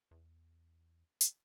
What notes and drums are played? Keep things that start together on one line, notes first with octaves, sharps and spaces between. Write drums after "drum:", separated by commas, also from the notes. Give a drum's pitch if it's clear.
E2
drum: hi-hat